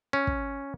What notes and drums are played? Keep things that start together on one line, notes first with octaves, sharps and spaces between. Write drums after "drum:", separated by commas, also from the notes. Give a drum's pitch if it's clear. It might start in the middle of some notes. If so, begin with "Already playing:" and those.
C#4
drum: kick